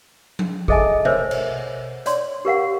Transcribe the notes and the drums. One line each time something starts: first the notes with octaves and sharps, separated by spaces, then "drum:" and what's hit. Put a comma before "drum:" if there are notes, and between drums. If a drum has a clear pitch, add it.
drum: tom F3
G#4 A4 D#5 E5 G#5 A5, drum: kick
A#4 C5 C#5 E5, drum: tom B2
drum: cymbal
C#5 D5 C6, drum: hi-hat
G4 A#4 F5 F#5